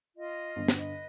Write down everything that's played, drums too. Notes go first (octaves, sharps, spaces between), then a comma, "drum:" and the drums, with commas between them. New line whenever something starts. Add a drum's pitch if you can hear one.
F4 D#5
G1 D3
drum: snare
B4 D#5